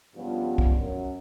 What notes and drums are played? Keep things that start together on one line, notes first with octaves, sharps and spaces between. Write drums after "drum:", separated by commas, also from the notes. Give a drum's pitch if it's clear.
G2 C#3 F3 G3 B3 F4
drum: kick
F#2 F#3